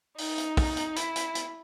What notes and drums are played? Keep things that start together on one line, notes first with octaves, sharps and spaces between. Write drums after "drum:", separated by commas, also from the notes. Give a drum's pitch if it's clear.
D#4, drum: open hi-hat
drum: hi-hat
drum: kick, open hi-hat
drum: hi-hat
E4, drum: hi-hat
drum: hi-hat
drum: hi-hat